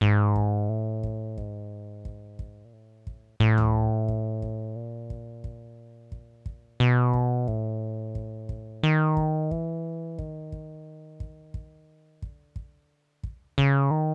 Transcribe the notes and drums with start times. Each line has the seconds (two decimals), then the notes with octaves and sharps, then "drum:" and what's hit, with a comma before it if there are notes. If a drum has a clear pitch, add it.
0.01 G#2, drum: kick
0.36 drum: kick
0.69 A2
1.03 drum: kick
1.38 G#2, drum: kick
2.05 drum: kick
2.39 drum: kick
2.65 A#2
2.73 A2
3.07 drum: kick
3.40 A2, drum: kick
3.58 drum: tom C#2
4.08 drum: kick
4.42 drum: kick
4.76 A#2
5.10 drum: kick
5.44 drum: kick
6.12 drum: kick
6.46 drum: kick
6.80 B2
7.13 drum: kick
7.48 A2, drum: kick
8.15 drum: kick
8.49 drum: kick
8.83 D#3
9.17 drum: kick
9.51 E3, drum: kick
10.19 D#3, drum: kick
10.52 drum: kick
11.20 drum: kick
11.54 drum: kick
12.22 D3, drum: kick
12.56 drum: kick
13.23 drum: kick
13.58 C#3, drum: kick
13.91 D#3